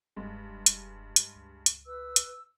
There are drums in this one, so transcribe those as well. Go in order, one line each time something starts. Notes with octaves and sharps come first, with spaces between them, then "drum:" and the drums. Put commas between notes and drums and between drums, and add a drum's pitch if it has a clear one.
F1 G2 G#3
drum: hi-hat
drum: hi-hat
C#2
drum: hi-hat
B4 E6
drum: hi-hat